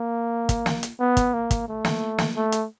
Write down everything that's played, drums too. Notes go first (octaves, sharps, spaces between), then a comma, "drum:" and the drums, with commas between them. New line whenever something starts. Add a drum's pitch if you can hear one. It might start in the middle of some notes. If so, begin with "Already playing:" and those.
Already playing: A#3
drum: kick, hi-hat
drum: snare
drum: hi-hat
B3
drum: kick, hi-hat
A#3
drum: kick, hi-hat
A3
drum: snare
drum: snare
A3
drum: hi-hat